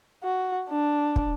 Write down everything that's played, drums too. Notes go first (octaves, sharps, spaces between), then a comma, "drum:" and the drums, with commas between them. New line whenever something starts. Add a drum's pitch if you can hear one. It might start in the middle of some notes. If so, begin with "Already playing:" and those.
F#4
D4
drum: kick